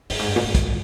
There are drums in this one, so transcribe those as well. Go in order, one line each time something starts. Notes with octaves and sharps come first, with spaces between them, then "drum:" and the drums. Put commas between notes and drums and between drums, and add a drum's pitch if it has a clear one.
G2, drum: open hi-hat
G#2
G2
A#2
G#2
drum: kick, hi-hat